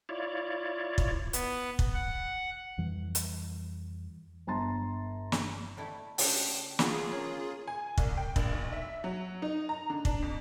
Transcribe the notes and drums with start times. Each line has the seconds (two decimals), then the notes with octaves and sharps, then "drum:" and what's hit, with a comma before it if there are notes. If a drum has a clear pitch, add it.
0.09 E4 F4 C#5 D5
0.98 drum: kick
1.33 B3, drum: hi-hat
1.79 drum: kick
1.94 F#5
2.78 F2 E3 G3
3.15 drum: hi-hat
4.47 G1 A5 A#5 C6 A6
5.32 drum: snare
5.77 G3 A3 E4
6.18 C#3 D4 G5, drum: open hi-hat
6.79 B3 F4 G#4, drum: snare
7.12 A#3 C#4
7.67 G#5
7.98 C2, drum: kick
8.17 G5
8.36 A#1, drum: kick
8.52 B1
8.72 E5
9.04 F#3
9.42 D#4
9.69 A#5
9.90 D3
10.05 D4, drum: kick
10.22 F2